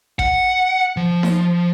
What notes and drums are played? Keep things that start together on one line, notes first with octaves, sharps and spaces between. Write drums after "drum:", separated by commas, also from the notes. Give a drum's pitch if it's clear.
F#5, drum: kick G#1
F3
drum: snare D#4